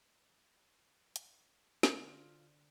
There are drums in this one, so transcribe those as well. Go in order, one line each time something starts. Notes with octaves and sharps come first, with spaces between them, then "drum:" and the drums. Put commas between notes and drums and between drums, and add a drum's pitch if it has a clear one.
drum: hi-hat
D3 D4 F4 C5, drum: snare